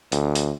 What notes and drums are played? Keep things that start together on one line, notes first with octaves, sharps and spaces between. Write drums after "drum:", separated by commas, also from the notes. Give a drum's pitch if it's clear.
D2, drum: hi-hat
drum: hi-hat